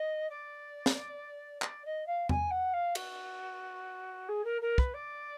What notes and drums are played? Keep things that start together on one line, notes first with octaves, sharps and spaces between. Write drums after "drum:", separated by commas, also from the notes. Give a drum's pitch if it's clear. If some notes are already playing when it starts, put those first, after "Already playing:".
Already playing: D#5
D5
drum: snare
D5, drum: clap
D#5
F5
G#5, drum: tom E2
F#5
F5
F#4, drum: cymbal
G#4
A#4
A#4
B4, drum: kick
D5